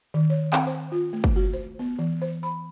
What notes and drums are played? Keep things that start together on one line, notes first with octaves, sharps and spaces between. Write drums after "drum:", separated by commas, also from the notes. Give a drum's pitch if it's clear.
D#3
C#5
C4, drum: clap G5
C5
F4
A3
drum: kick
F#4
C5
B3
E3
C5
B5